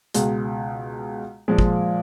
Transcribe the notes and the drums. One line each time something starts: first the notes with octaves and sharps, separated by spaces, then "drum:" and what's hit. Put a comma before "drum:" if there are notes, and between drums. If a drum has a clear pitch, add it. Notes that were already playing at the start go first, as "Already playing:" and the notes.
C#2 B2 G#3, drum: hi-hat
A#2 F3 G#3
drum: kick